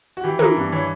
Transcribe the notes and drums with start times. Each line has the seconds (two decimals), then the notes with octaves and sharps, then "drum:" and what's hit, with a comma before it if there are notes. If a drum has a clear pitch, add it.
0.17 F#4
0.24 E3 G4
0.39 E3 A#4, drum: tom
0.57 G2
0.72 E3 C#5